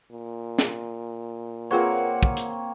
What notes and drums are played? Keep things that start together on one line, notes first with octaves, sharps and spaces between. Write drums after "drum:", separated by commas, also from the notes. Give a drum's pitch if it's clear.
A#2
drum: snare
A#3 C4 F4 G#4 B4 C#5 F#5
drum: kick
drum: hi-hat